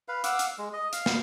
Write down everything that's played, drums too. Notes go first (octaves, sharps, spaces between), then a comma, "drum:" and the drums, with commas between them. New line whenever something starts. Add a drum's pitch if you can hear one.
B4 F5
F5 F#5 D6 E6, drum: hi-hat
drum: hi-hat
G#3
D#5
F5, drum: hi-hat
drum: snare